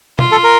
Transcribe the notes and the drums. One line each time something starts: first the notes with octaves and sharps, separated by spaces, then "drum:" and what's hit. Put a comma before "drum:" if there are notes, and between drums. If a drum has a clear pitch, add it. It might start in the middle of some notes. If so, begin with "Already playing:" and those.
F4, drum: tom
A4
A#4